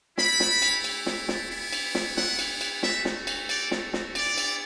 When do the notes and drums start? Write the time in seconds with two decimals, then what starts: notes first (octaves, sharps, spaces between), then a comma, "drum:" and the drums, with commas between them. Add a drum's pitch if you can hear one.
0.18 A3 E4 B5, drum: snare
0.40 drum: snare
0.62 drum: cymbal
0.84 drum: cymbal
1.06 drum: snare
1.28 drum: snare
1.51 B3 E4
1.73 drum: cymbal
1.95 drum: snare
2.17 F#5, drum: snare
2.39 drum: cymbal
2.61 drum: cymbal
2.83 A3 F#4 E5, drum: snare
3.05 drum: snare
3.27 drum: cymbal
3.49 D5, drum: cymbal
3.71 drum: snare
3.93 drum: snare
4.15 B3 E4 D5, drum: cymbal
4.38 drum: cymbal